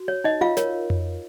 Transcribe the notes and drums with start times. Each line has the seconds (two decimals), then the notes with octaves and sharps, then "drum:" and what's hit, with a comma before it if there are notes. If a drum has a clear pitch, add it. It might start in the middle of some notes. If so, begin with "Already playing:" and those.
Already playing: F#4
0.08 C#5
0.24 D#4 D#5
0.41 F4 F5
0.57 A#4 C#5, drum: snare
0.90 drum: tom F2